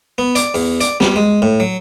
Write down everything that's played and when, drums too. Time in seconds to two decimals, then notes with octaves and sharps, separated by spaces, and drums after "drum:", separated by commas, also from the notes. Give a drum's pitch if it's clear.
0.18 B3
0.35 D5, drum: hi-hat
0.55 E2, drum: open hi-hat
0.81 D5, drum: hi-hat
1.00 G3, drum: snare
1.16 G#3
1.42 A2
1.60 F#3